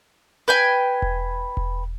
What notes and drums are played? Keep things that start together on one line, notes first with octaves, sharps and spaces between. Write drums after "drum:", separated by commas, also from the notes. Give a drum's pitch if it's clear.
B4 G5 G#5
drum: kick E1
drum: kick E1